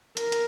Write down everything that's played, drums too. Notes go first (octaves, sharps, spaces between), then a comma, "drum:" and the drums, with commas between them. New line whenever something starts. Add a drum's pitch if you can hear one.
A#4, drum: hi-hat
drum: hi-hat